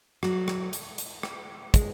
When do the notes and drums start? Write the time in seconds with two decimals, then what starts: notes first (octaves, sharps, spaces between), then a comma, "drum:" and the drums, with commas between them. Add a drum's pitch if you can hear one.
0.23 F#3, drum: rim click
0.48 drum: rim click
0.73 drum: hi-hat
0.98 drum: hi-hat
1.23 drum: rim click
1.74 G#3, drum: kick, hi-hat